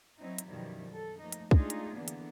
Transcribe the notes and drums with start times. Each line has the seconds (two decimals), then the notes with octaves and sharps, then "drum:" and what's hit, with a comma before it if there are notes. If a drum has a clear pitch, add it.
0.19 F#3 C4 D#4 E4
0.38 drum: hi-hat
0.49 F#2 B2 D#3 F3 G3 E4
0.91 A4
1.19 F3 A3 A#3 D#4
1.32 drum: hi-hat
1.51 G#3 A3 D4 D#4 F4 G#4, drum: kick
1.70 drum: hi-hat
1.94 D3 E3 A#3 B3 D4
2.08 drum: hi-hat